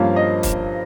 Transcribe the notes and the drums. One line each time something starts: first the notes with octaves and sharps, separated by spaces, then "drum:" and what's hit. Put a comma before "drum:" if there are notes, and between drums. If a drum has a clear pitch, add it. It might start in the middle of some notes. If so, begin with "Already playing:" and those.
Already playing: G2 F3 A#3 C#4 F5
D#5
drum: kick, hi-hat